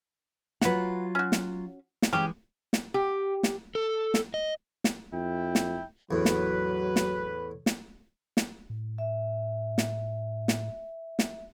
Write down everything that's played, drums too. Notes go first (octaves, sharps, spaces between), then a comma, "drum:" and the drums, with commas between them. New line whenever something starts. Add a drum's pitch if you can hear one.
F#3 F4 B4 F#5, drum: snare
C#4 F#4
drum: snare
drum: snare
C#3 E3 G#3 G4
drum: snare
G4
drum: snare
A4
drum: snare
D#5
drum: snare
F2 E4 G5
drum: snare
E2 A2 F#3 B4
drum: snare
drum: snare
drum: snare
drum: snare
A2
E5
drum: snare
drum: snare
drum: snare